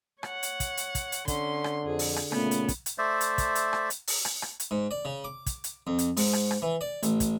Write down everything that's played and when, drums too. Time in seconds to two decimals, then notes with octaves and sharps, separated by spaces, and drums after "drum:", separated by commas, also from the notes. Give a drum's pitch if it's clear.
0.23 C#5 F#5, drum: rim click
0.43 drum: hi-hat
0.60 drum: kick, hi-hat
0.77 drum: hi-hat
0.95 drum: kick, hi-hat
1.12 drum: hi-hat
1.28 D3 C#4 C6, drum: kick, hi-hat
1.64 drum: rim click
1.86 F2 G#4
1.99 drum: open hi-hat
2.16 drum: rim click
2.32 A#2 C#3 A3 B3, drum: rim click
2.51 drum: hi-hat
2.68 drum: kick, hi-hat
2.86 drum: hi-hat
2.98 A3 C5 D5 E5
3.21 drum: hi-hat
3.38 drum: kick, hi-hat
3.55 drum: hi-hat
3.73 drum: rim click
3.90 drum: hi-hat
4.07 drum: open hi-hat
4.25 drum: rim click
4.42 drum: rim click
4.60 drum: hi-hat
4.71 G#2
4.91 D5
5.05 C#3
5.24 D6
5.46 drum: kick, hi-hat
5.64 drum: hi-hat
5.87 F2
5.99 drum: hi-hat
6.17 G#2, drum: open hi-hat
6.33 drum: rim click
6.51 drum: rim click
6.62 E3
6.81 D5
7.03 A1, drum: hi-hat
7.20 drum: kick, hi-hat